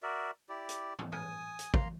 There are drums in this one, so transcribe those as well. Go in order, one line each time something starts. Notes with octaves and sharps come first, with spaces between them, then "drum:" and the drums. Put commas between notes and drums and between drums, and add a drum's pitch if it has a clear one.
F#4 A#4 D5 E5
E4 G4 D5
drum: hi-hat
drum: tom
G#5 D#6, drum: tom
drum: hi-hat
A#3 A#5 C6, drum: kick